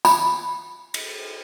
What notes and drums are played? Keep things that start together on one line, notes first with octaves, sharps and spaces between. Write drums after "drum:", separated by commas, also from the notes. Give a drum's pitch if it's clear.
B5, drum: tambourine
drum: cymbal